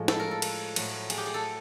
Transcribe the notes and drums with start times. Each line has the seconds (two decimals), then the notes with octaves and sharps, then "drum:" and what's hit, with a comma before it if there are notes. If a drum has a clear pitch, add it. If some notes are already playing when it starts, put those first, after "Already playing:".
Already playing: A2 F3 G#3
0.08 A4, drum: snare
0.20 A#4
0.31 A4
0.42 drum: cymbal
0.76 A2 F#3 A3, drum: cymbal
1.10 G#4, drum: cymbal
1.17 G4
1.26 G#4
1.34 A4